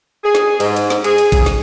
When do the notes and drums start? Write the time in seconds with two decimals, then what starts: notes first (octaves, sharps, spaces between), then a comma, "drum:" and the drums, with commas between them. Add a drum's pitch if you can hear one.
0.24 G#4
0.35 drum: snare
0.60 G#2, drum: cymbal
0.76 drum: cymbal
0.90 drum: snare
1.04 G#4, drum: cymbal
1.18 drum: cymbal
1.32 drum: kick A1, cymbal
1.46 drum: snare